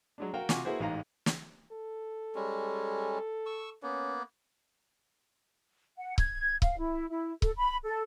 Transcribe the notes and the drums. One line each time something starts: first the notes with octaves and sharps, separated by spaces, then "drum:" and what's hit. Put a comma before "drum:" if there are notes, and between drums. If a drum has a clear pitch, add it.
F#3 G#3 D4
F#4 A#4 F5 G5
C3 F4 F#4 G#5 C#6 D6, drum: snare
A#3 E4 F#4 G#4 B4 C5
A1 G#2 F5 A#5
drum: snare
A4
G3 G#3 C#4
C#6 E6
A#3 B3 C#4
F#5
G#6, drum: kick C#1
F5, drum: kick C#1
E4
E4
A4, drum: kick C#1
B5
A4